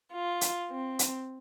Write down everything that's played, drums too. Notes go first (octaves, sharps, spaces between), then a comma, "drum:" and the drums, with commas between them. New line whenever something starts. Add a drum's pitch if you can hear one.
F4
drum: hi-hat
C4
drum: hi-hat